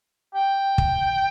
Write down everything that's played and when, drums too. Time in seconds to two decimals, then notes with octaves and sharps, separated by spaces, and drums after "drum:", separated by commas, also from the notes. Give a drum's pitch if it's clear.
0.34 G5
0.78 drum: kick